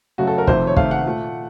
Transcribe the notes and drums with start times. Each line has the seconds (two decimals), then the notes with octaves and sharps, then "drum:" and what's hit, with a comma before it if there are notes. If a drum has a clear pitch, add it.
0.18 F#2 C#3 A3 F#4
0.27 A4
0.38 A#4
0.47 F2 C3 D#3 A3 C5, drum: kick
0.67 C#5
0.77 C3 D#3 A3 F5, drum: kick
0.91 F#5
1.05 A#2 A3